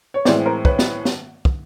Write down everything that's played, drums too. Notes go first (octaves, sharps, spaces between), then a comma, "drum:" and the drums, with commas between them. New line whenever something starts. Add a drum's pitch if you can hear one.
C#5
A2 E3 G#3 C4 C5 D5, drum: snare
A#4 C5
B4 C#5, drum: kick
drum: snare
drum: snare
drum: kick